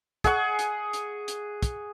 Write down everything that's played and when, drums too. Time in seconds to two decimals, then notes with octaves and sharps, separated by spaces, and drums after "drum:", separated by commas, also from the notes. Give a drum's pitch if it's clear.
0.24 G#4 F#5 C#6, drum: kick, hi-hat
0.59 drum: hi-hat
0.93 drum: hi-hat
1.28 drum: hi-hat
1.63 drum: kick, hi-hat